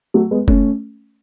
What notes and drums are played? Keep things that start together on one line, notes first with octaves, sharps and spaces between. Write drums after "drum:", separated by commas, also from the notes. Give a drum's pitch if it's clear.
F#3 A3
G#3 B3
A3 C#4, drum: kick F1